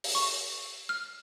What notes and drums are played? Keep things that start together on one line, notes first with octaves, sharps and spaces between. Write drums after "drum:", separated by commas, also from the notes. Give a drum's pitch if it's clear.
drum: open hi-hat
C#6
F6